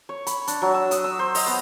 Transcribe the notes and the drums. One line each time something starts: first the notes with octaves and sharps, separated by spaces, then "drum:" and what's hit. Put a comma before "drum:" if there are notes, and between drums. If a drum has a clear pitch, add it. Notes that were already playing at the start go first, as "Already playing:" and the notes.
C#5
B5, drum: hi-hat
D4, drum: hi-hat
F#3
E6
D#6, drum: hi-hat
E6
C5
D#5, drum: open hi-hat
B3